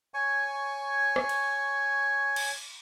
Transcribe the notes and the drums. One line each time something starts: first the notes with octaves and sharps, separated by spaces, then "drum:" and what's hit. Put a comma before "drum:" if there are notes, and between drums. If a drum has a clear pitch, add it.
C#5 G#5 C#6
drum: rim click
drum: cymbal
drum: cymbal